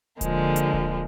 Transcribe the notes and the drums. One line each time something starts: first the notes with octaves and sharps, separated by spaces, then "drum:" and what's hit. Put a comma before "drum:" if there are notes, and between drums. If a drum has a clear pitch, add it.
D3 F3 G#3 A#3, drum: kick D1, hi-hat
drum: hi-hat
drum: kick D1